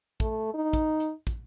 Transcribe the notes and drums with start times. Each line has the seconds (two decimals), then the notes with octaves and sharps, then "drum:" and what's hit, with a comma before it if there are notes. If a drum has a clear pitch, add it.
0.20 A3, drum: kick, hi-hat
0.54 D#4
0.73 drum: kick, hi-hat
1.00 drum: hi-hat
1.27 drum: kick, hi-hat